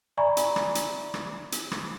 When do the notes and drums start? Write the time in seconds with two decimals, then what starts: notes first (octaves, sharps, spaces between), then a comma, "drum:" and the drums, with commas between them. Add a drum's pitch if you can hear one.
0.17 D5 E5 G#5 A#5 B5 C#6
0.37 drum: hi-hat
0.56 drum: rim click
0.75 drum: hi-hat
1.14 drum: rim click
1.52 drum: hi-hat
1.72 drum: rim click